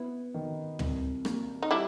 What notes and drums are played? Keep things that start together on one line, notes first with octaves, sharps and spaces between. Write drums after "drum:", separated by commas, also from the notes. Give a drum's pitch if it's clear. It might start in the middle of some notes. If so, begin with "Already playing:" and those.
Already playing: B3 E4
D#3
C2, drum: tom
A#3, drum: rim click
D#4
G3 D4 E4